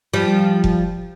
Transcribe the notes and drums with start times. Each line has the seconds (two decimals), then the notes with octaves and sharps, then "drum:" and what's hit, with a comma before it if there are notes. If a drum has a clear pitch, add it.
0.13 F3 G3
0.64 drum: kick F1